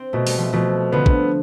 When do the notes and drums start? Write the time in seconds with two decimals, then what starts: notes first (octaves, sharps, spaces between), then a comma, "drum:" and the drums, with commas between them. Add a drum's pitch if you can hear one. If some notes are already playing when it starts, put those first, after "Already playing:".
Already playing: C4
0.13 B2 A3
0.27 G3, drum: open hi-hat
0.38 F3 A3
0.53 B2 F3 A3
0.92 D3 F3 B3
1.06 drum: kick